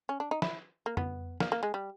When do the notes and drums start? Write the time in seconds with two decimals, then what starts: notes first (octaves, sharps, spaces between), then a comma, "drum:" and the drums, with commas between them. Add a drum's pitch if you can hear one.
0.09 C#4
0.20 D4
0.31 D#4
0.42 E4, drum: snare
0.86 A#3
0.97 B3, drum: tom F2
1.40 A#3, drum: snare
1.52 A#3
1.63 G#3
1.74 G3